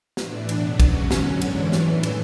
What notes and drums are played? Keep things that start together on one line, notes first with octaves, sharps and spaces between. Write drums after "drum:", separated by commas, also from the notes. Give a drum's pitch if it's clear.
A2 E3 D4, drum: snare
E2 B2 F#3, drum: cymbal
G#2 F#3 C#4, drum: kick, cymbal
F#2 D3 F#3, drum: snare
G#2 E3 D4, drum: cymbal
A2 E3, drum: snare
drum: cymbal